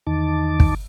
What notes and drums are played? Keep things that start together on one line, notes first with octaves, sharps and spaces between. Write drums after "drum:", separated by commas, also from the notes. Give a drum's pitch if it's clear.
E2 D#3 D#4 A5 D6
drum: kick